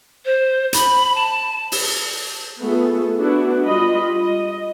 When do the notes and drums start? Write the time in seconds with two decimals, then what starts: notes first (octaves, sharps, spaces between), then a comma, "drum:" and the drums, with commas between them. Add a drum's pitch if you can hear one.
0.25 C5
0.73 B5, drum: hi-hat
1.15 A5
1.72 drum: open hi-hat
2.61 A3 B3 F4 G#4 A4
3.21 B3 D4 E4 F#4
3.64 G3 F4 D#5 B5
4.15 D#5